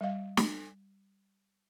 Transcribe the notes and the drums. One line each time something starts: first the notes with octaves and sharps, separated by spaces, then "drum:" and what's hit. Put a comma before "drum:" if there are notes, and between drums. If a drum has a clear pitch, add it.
G3 D#5 F5
drum: snare